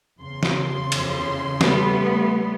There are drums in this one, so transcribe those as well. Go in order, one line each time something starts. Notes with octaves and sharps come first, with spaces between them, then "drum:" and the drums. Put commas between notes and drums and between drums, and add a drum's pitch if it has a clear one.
E2 C#3 C6
drum: snare
F2, drum: cymbal
G3 A3 B3, drum: snare